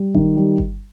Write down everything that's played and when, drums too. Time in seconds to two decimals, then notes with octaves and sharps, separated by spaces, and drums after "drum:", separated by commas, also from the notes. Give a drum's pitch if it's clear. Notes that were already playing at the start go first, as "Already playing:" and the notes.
Already playing: G3
0.14 D#3, drum: kick G1
0.36 G3
0.58 drum: kick G1